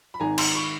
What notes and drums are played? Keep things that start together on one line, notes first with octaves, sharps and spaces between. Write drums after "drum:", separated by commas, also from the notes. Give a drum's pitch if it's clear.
B5
G#1 G#2 D#3 G#5 A#5
A#5 C6, drum: cymbal
B5 C#6